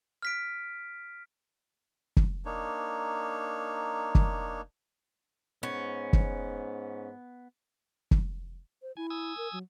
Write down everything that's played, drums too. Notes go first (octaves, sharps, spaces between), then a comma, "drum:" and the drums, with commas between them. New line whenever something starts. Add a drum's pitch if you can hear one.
F6 B6 D7
drum: kick
A#3 D4 D#4 C#5
drum: kick
G#2 B3 C#4
drum: kick
drum: kick
C5
E4 G#5
G#5 D#6 E6
A#4
F#3